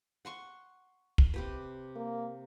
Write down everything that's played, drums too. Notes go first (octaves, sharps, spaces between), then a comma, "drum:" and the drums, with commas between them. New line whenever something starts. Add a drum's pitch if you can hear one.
F#5 C6 C#6
drum: kick
C3 G4 B4
A#3